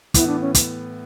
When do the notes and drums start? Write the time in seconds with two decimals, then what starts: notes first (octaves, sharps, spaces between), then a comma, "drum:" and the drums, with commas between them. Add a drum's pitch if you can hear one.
0.14 A2 E3 B3 E4, drum: kick, hi-hat
0.27 D4
0.41 C#4
0.55 drum: kick, hi-hat